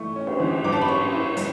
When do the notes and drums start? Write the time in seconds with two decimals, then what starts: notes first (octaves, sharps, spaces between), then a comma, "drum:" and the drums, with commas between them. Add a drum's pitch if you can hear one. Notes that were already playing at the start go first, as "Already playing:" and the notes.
Already playing: E3 A3 C#6
0.16 C#4
0.27 drum: cymbal
0.40 E3
0.64 F#3 D6
0.72 A5
0.81 B5
0.88 C#4 C#6
1.13 E4
1.37 F#3, drum: hi-hat